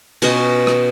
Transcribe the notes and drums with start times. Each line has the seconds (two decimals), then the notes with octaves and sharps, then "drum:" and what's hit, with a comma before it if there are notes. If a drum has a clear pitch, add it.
0.22 B2 C#4 B4 D#5, drum: cymbal
0.67 drum: rim click